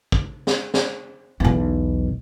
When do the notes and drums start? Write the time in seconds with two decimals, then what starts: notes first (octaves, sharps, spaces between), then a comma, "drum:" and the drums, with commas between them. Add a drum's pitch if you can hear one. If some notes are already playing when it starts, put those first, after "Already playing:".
0.12 drum: kick
0.47 drum: snare
0.74 drum: snare
1.40 B1 E2